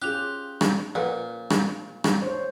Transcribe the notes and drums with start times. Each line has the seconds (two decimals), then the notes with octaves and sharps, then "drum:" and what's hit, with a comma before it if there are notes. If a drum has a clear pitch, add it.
0.02 C#4 F4 G4 G#4 F#6 F7
0.61 drum: rim click
0.95 A#2 F3 A#4 B4 F#5
1.50 drum: rim click
2.04 drum: rim click
2.22 C5 C#5